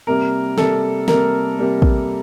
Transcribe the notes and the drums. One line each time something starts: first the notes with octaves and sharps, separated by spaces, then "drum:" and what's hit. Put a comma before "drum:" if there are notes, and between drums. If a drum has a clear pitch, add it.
C3 G3 A#3 A#4
C3 G3 A#3 A4, drum: snare
C3 G3 A#3 A#4, drum: snare
C3 G3 A#3
drum: kick